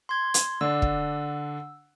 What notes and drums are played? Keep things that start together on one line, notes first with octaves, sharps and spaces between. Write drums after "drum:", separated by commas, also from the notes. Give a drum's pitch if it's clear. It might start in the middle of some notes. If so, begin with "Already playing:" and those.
C6 G#6
drum: hi-hat
D3 D4 E6
drum: kick